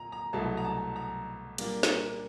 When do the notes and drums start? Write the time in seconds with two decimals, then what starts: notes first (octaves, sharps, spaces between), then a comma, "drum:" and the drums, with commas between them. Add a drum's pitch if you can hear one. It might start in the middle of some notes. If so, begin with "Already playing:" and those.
Already playing: A#2 A#5
0.12 A#5
0.33 C2 B2 F#3 A3 A5
0.57 A#5
0.65 A5
0.96 A#5
1.58 A#2 G3 A#3 D4, drum: cymbal
1.83 drum: snare